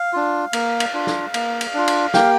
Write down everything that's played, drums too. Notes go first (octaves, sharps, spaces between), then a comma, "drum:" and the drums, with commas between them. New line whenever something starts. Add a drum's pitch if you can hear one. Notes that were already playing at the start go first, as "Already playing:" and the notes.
Already playing: F5
D4 F4
A#3, drum: cymbal
drum: cymbal
D4 F4
drum: snare
A#3, drum: cymbal
drum: cymbal
D4 F4
drum: cymbal
A#3 G4 G5, drum: snare